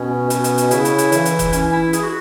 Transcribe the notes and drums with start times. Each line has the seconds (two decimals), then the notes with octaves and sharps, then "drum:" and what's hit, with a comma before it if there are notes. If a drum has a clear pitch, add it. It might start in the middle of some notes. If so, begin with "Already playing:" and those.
Already playing: B2 C#4
0.30 B2, drum: hi-hat
0.44 drum: hi-hat
0.58 drum: hi-hat
0.71 C#3 E4, drum: hi-hat
0.85 drum: hi-hat
0.98 drum: hi-hat
1.12 E3, drum: hi-hat
1.25 drum: hi-hat
1.39 drum: kick F1, hi-hat
1.53 C#4, drum: hi-hat
1.72 E4
1.93 G#4, drum: hi-hat
2.03 F#4